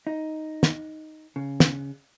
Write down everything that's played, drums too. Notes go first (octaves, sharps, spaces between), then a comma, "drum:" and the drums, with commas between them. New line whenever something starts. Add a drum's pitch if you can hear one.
D#4
drum: snare
C#3
drum: snare